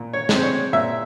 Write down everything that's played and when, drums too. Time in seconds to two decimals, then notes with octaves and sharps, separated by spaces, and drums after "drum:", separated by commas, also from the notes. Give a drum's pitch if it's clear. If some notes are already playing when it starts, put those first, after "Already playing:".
Already playing: A#2
0.13 C#5
0.29 G#3 C4, drum: snare
0.43 C#5
0.73 A#2 E5